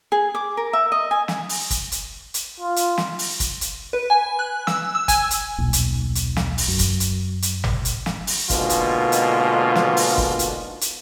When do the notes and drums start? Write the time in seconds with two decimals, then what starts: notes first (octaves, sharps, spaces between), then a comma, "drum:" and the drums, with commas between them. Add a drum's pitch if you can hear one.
0.12 G#4
0.35 D6
0.57 A#4
0.73 E5
0.92 D#5
1.11 G#5
1.28 drum: snare
1.49 drum: open hi-hat
1.70 drum: kick, hi-hat
1.92 drum: hi-hat
2.34 drum: hi-hat
2.60 F4
2.76 drum: hi-hat
2.98 drum: snare
3.19 drum: open hi-hat
3.40 drum: kick, hi-hat
3.61 drum: hi-hat
3.93 B4
4.10 G#5
4.39 F#6
4.67 E6, drum: snare
4.95 E6
5.08 G#5, drum: kick, hi-hat
5.31 drum: hi-hat
5.58 D#1 B1
5.73 drum: hi-hat
6.15 drum: hi-hat
6.37 drum: snare
6.58 drum: open hi-hat
6.68 F#2
6.79 drum: kick, hi-hat
7.00 drum: hi-hat
7.42 drum: hi-hat
7.64 drum: tom G1
7.85 drum: hi-hat
8.06 drum: snare
8.27 drum: open hi-hat
8.50 G#2 B2 D3 A#3 F4, drum: kick, hi-hat
8.70 drum: hi-hat
9.12 drum: hi-hat
9.75 drum: snare
9.97 drum: open hi-hat
10.18 drum: kick
10.39 drum: hi-hat
10.81 drum: hi-hat